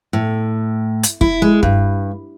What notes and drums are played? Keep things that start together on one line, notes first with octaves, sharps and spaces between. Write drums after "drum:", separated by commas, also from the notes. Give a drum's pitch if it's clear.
A2
drum: hi-hat
E4, drum: kick
G#3
G2, drum: kick